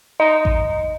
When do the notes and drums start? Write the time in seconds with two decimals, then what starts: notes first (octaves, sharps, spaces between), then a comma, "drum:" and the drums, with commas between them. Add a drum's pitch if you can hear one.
0.20 D#4 D#5
0.45 drum: kick A1